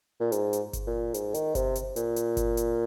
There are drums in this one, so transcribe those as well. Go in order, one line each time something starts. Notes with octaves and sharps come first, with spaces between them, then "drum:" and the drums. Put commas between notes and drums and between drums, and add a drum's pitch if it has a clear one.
A#2
G#2, drum: hi-hat
drum: hi-hat
drum: kick G1, hi-hat
A#2
G#2, drum: hi-hat
D#3, drum: hi-hat
C3, drum: kick G1, hi-hat
drum: hi-hat
A#2, drum: hi-hat
drum: hi-hat
drum: kick G1, hi-hat
drum: hi-hat